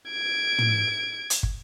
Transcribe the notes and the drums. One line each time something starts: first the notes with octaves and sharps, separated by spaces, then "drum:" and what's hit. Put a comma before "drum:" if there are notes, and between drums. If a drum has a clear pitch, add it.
G#6 D7
drum: tom
drum: hi-hat
drum: kick